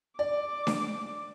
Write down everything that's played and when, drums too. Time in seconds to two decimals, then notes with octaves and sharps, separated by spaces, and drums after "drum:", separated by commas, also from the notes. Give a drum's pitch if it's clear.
0.19 D5 D6
0.67 drum: snare D4